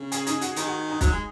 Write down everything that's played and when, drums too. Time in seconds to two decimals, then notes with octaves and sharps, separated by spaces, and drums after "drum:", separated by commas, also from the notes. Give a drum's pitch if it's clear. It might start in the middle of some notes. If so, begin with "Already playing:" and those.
Already playing: C#3
0.12 G#4, drum: hi-hat
0.26 D#4, drum: hi-hat
0.41 F#4, drum: hi-hat
0.56 D#3 D#4, drum: hi-hat
0.67 F#4
0.90 D#4
1.01 F#3 D#4, drum: kick, hi-hat
1.12 G#3